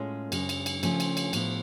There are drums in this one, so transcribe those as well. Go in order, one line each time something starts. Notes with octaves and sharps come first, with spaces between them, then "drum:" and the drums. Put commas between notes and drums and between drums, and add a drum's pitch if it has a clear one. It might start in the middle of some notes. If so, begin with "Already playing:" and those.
Already playing: A2 G#3 C#4 F4
F#2 C#3 G#3, drum: cymbal
drum: cymbal
drum: cymbal
C#3 F3 A3 C#4 F4, drum: cymbal
drum: cymbal
drum: cymbal
A2 F3 B3, drum: cymbal